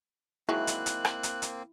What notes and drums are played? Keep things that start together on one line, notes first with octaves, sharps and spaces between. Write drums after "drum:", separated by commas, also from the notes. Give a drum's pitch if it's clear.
D#3 F#3 G#3 A#3 C4 E4 F#6
drum: hi-hat
drum: hi-hat
drum: rim click
drum: hi-hat
drum: hi-hat